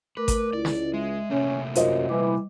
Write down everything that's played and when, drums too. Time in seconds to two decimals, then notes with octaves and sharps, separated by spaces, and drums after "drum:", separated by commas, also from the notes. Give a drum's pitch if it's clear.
0.17 A3 A#4 B4 D6
0.28 drum: kick G#1, hi-hat
0.53 C#2 E4 D5
0.65 drum: snare
0.94 G#3 E5
1.30 C3 A3 A#3 C#4
1.75 F#2 F4 C5 D#5, drum: hi-hat
2.09 E3 G3 D6